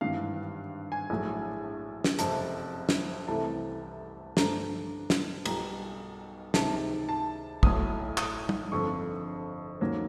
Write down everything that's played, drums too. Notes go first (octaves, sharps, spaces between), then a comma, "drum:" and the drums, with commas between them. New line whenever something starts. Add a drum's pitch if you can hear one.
G#1 G2 E3 F5
G#5
A#1 A2 F#3
drum: snare
F#1 F2 C3 A5, drum: hi-hat
drum: snare
C2 C3 E3 A3 A5
G2 D3 F3 A3 D4 A#5, drum: snare
drum: snare
B1 B2 G3 A#5, drum: cymbal
C#2 C3 D#3 A5, drum: snare
A5
B1 A2 F#3 D#6, drum: kick
D#6, drum: clap
drum: tom
G1 F2 D3 F3 C#6
D#2 D#3 F#3 A#3 C#4